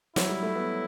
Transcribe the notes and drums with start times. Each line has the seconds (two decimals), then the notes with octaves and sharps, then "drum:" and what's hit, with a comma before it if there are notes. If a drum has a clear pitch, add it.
0.16 F#3 E4, drum: snare
0.29 G3
0.43 A3
0.55 B3